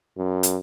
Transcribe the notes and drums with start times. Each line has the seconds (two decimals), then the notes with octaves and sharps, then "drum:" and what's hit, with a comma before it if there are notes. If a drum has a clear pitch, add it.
0.17 F#2
0.43 drum: hi-hat